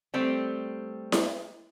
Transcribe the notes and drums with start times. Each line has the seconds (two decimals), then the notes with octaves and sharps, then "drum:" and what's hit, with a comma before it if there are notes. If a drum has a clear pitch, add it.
0.14 G3 A3 C4
1.12 drum: snare E4